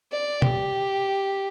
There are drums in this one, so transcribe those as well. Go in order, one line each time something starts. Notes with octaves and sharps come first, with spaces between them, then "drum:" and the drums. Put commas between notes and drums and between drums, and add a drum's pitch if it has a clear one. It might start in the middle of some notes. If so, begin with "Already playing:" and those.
D5
G4, drum: tom B2